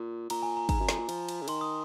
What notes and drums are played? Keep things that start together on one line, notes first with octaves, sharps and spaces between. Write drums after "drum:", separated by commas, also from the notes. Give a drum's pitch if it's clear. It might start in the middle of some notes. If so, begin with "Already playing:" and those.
Already playing: A#2
A#2 A#5, drum: cymbal
G#5
A#5
G#2 A#5, drum: kick, cymbal
F#2
F2, drum: snare
A#2
F3, drum: cymbal
drum: cymbal
C#3
D#3 C6, drum: cymbal
D#6